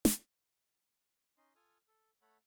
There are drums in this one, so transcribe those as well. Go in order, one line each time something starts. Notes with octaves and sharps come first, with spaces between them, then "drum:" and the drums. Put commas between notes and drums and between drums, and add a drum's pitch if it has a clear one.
drum: snare
C#4 D#4 D#5 C6
F4 A4 G#5 D#6 F6
A4
A3 A4 C#5 F#5 B5